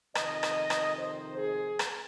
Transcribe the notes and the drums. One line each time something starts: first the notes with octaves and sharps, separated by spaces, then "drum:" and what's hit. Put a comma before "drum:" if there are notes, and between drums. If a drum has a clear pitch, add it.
F2 C3 D#3 D#5, drum: rim click
drum: rim click
drum: rim click
C5
G#4
drum: rim click